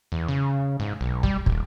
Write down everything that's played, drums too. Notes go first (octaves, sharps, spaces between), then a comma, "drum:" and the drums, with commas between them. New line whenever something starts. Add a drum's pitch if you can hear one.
E2
C#3
G#2
B1
G3, drum: kick
D#1, drum: kick